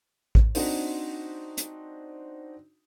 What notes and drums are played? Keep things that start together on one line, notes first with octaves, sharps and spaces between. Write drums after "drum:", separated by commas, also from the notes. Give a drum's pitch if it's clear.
drum: kick A1
C4 D4 D#4 F#4, drum: open hi-hat
drum: hi-hat